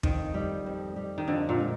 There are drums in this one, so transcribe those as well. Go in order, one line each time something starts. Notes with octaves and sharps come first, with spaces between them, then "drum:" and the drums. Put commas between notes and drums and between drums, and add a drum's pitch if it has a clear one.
F2 D#3, drum: kick
G3
F2
G3
D#3
F2 D3
A#2
G#3